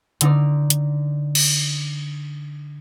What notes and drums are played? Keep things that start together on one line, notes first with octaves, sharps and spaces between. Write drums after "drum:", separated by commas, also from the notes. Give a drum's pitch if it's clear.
D3 D#4 D5, drum: hi-hat
drum: hi-hat
drum: cymbal